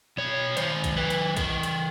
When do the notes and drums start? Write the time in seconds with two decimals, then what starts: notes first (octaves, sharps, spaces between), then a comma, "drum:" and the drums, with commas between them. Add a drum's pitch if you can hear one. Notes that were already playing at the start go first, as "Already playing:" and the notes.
0.17 B2 C#5
0.57 D#3 C5, drum: hi-hat
0.84 drum: kick, hi-hat
0.97 D#3 B4
1.10 drum: hi-hat
1.37 E3 A#4, drum: kick, hi-hat
1.63 drum: hi-hat